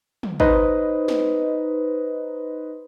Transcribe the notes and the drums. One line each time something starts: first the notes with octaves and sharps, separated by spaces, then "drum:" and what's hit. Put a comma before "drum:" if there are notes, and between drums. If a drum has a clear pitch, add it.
drum: tom
D#4 B4 C5 D#5, drum: kick
drum: snare